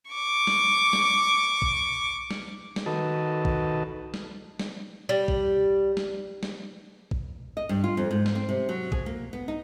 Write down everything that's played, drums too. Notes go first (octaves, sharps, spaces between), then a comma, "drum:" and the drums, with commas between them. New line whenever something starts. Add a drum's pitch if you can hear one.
C#6 D6
drum: snare
drum: snare
drum: kick A#1
drum: snare
drum: snare
D#3 F#4 A4 B4 D#5 A5
drum: kick A#1
drum: snare
drum: snare
G3
drum: kick A#1
drum: snare
drum: snare
drum: kick A#1
D#5
G2
F4
F2
G#2
drum: snare
C4
C3
F#3
G#4, drum: kick A#1
A#3
B3
D#4